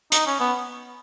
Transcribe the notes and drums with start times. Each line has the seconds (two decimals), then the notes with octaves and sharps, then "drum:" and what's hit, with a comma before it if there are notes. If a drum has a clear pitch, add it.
0.12 D#4, drum: hi-hat
0.26 C#4
0.40 B3